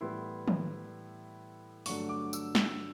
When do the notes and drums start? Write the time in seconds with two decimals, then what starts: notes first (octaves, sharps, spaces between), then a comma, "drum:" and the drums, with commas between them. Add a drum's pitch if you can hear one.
0.01 A2 E3 G3 B3 E4 C6
0.48 drum: tom D#3
1.86 G2 D3 F#3 A3 D4 C#6, drum: open hi-hat
2.09 D6
2.33 E6, drum: tambourine
2.55 E6, drum: snare